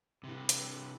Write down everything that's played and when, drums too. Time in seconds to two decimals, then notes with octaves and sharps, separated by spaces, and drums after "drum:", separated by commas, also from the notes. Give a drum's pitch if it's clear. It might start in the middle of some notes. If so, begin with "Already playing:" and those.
0.24 C3 E3
0.49 drum: hi-hat